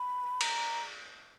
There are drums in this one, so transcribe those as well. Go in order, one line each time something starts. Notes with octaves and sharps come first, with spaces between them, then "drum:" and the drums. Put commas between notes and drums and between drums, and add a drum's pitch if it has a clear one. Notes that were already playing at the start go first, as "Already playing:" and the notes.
Already playing: B5
A#5, drum: cymbal